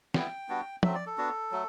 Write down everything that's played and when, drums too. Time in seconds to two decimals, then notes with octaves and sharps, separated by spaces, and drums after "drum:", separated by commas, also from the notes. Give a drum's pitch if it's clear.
0.14 G3 B3 E4 G5, drum: snare
0.49 G3 B3 D4 F#4
0.83 F#3 A3 C4 E5, drum: tom
0.95 D5
1.06 A4
1.18 B3 D4 F#4
1.52 F#3 A3